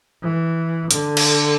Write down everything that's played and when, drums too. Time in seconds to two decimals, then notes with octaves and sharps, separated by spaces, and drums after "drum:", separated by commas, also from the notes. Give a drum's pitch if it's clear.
0.23 E3
0.91 D3, drum: hi-hat
1.17 drum: cymbal